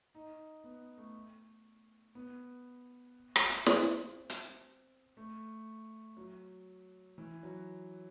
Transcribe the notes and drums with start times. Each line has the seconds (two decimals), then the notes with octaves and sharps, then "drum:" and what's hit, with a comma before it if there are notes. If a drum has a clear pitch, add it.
0.15 D#4
0.64 B3
0.98 A3
2.15 B3
3.36 drum: rim click
3.50 drum: hi-hat
3.66 C4, drum: snare
4.30 drum: hi-hat
5.17 A3
6.17 F#3
7.18 E3
7.43 F#3